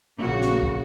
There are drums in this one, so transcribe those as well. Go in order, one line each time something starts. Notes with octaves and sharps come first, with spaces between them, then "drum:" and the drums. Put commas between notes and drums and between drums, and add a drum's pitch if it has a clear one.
A#1 C#3 A#3 F#4
drum: snare
drum: kick